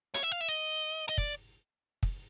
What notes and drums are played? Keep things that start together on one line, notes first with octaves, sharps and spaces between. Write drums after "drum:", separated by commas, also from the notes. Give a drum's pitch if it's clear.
C#5, drum: hi-hat
E5
F5
E5
D#5
D#5
D5, drum: kick
drum: kick